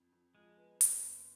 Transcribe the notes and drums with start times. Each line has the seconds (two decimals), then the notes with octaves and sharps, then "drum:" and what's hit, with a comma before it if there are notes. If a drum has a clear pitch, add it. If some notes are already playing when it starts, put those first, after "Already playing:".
Already playing: F2
0.12 F2
0.35 F3 G#3
0.57 B3
0.81 F#1, drum: hi-hat
1.02 F#1